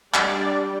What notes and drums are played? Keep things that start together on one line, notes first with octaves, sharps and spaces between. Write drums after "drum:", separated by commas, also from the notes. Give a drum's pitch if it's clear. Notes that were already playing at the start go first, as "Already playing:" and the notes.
G3 D4 D5, drum: clap